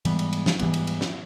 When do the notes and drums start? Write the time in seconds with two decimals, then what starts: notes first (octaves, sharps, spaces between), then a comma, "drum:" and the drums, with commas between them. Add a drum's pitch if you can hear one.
0.05 G#2 E3 G3 B3, drum: cymbal
0.19 drum: cymbal
0.33 drum: cymbal
0.46 drum: snare
0.59 G#2 E3 G3 B3, drum: cymbal
0.74 drum: cymbal
0.87 drum: cymbal
1.01 drum: snare